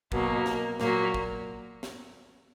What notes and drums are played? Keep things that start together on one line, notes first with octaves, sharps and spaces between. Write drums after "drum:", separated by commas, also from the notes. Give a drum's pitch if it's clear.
B2 F#3 A#3, drum: kick
drum: snare
A#2 F#3 A#3, drum: snare
drum: kick
drum: snare